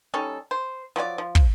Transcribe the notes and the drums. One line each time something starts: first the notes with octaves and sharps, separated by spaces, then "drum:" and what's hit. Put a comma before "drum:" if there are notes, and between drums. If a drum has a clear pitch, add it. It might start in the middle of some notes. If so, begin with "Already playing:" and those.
G3 C#4 D#4 A4
C5
F3 F#3 G4 D5
F3
drum: kick